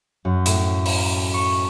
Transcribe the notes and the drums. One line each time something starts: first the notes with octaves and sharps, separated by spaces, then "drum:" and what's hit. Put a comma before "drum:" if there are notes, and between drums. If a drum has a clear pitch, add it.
F#2
A2, drum: hi-hat
drum: open hi-hat
C#6